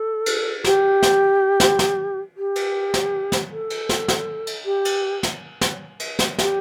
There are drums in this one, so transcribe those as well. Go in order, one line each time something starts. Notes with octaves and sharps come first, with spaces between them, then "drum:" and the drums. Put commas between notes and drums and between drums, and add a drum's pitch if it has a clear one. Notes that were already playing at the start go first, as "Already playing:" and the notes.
Already playing: A4
drum: cymbal
G4, drum: snare
drum: snare
drum: snare
drum: snare
G4
drum: cymbal
drum: snare
drum: snare
A4
drum: cymbal
drum: snare
drum: snare
drum: cymbal
G4
drum: cymbal
drum: snare
drum: snare
drum: cymbal
drum: snare
G4, drum: snare